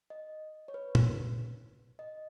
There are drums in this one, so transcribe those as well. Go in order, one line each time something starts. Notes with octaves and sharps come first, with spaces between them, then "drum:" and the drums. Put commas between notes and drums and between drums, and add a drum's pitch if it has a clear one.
D#5
C#5
B4
drum: tom
D#5